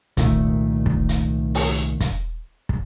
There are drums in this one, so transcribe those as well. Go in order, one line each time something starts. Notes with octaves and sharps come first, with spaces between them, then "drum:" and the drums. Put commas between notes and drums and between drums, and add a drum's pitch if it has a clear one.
C2 A#2 D#3 A3, drum: kick, hi-hat
drum: kick
drum: hi-hat
drum: open hi-hat
drum: kick, hi-hat
drum: kick